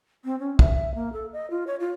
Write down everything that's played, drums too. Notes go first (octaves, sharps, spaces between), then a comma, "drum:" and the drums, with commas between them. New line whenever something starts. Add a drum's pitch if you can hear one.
C4
C#4
E5, drum: kick
A#3
A4
D#5
F4
C#5
F4